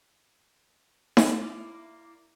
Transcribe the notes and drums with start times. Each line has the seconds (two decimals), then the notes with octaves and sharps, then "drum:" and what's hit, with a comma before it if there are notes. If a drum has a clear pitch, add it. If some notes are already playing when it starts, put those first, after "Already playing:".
1.17 A#3 E4 D5, drum: snare D#4